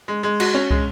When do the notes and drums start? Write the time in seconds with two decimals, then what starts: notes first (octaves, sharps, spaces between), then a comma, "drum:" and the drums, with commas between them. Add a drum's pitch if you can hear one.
0.08 G#3
0.23 G#3
0.40 F#4, drum: cymbal
0.54 C#4
0.71 G#3, drum: kick